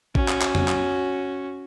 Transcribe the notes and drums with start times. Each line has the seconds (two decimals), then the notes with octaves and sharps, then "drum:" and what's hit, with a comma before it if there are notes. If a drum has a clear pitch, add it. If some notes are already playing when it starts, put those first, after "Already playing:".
0.15 C#4 F#4, drum: kick A1
0.28 drum: clap
0.42 drum: clap
0.55 drum: tom
0.68 drum: clap